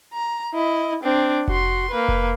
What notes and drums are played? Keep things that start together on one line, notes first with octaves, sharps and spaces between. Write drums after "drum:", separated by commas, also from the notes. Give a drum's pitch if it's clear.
A#5
E4 D#5
C4 D4
F#4 C6, drum: kick F1
A#3 B4
drum: kick F1